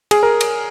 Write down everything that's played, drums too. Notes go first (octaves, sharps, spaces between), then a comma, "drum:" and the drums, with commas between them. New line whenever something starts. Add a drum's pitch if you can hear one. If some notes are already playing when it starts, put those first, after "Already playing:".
G#4, drum: cymbal
A#4
drum: cymbal